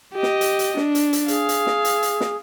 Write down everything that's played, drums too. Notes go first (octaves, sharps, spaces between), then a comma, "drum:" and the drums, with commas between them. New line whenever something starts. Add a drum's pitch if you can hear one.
G4 D#5
drum: snare
drum: hi-hat
drum: hi-hat
D4, drum: snare
drum: hi-hat
drum: hi-hat
G#4 F5, drum: hi-hat
drum: hi-hat
drum: snare
drum: hi-hat
drum: hi-hat
drum: snare